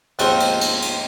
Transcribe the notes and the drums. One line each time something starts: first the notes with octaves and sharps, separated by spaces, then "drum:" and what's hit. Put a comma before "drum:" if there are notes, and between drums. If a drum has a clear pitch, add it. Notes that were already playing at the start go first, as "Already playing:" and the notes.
D#2 G#2 D#3 F3 C4, drum: cymbal
drum: cymbal
drum: cymbal
drum: cymbal